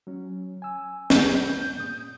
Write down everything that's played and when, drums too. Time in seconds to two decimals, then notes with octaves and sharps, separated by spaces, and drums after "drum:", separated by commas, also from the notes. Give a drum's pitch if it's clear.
0.07 F#3 C#4
0.62 G#5 E6
1.10 G6, drum: snare
1.79 A#2 D#6